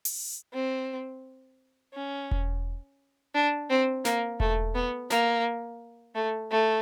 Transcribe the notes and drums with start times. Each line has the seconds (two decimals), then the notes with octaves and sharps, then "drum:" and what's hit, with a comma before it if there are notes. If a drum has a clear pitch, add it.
0.05 drum: open hi-hat
0.53 C4
1.94 C#4
2.31 drum: kick E1
3.35 D4
3.70 C4
4.05 A#3, drum: snare
4.40 A3, drum: kick E1
4.75 B3
5.10 A#3, drum: snare
6.15 A3
6.51 A3